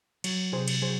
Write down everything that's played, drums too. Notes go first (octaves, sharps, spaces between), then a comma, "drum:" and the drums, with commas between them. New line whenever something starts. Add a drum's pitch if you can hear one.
F#3, drum: cymbal
C3 G#4 C5
drum: cymbal
F#3 G#4 C5